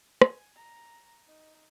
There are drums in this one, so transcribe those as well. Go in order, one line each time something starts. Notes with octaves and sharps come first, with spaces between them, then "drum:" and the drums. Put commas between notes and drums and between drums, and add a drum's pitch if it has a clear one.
G#5, drum: rim click
A#5
D#4